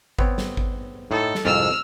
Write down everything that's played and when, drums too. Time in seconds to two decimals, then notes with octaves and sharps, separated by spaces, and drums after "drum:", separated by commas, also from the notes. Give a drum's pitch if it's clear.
0.19 B3 C4 C#5, drum: kick G#1
0.38 drum: snare
0.57 drum: kick G#1
1.11 A2 D#4 A4 D#5
1.35 drum: snare
1.45 C2 F2 G#2 E6 F6